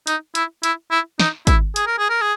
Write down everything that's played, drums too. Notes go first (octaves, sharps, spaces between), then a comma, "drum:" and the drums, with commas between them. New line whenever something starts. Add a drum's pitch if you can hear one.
D#4, drum: hi-hat
E4, drum: hi-hat
E4, drum: hi-hat
E4
D#4, drum: snare
E4, drum: kick, hi-hat
G#4, drum: hi-hat
A#4
G#4
A#4
G#4